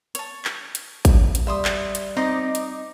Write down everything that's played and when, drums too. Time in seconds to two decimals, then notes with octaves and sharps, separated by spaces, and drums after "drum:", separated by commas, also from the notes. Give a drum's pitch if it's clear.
0.15 C#5 A5, drum: hi-hat
0.45 drum: clap
0.75 drum: hi-hat
1.05 drum: kick A1, hi-hat
1.35 drum: hi-hat
1.47 G3 E5 C6 D#6
1.65 drum: clap
1.95 drum: hi-hat
2.17 C4 D#4 D#5 D6 D#6
2.55 drum: hi-hat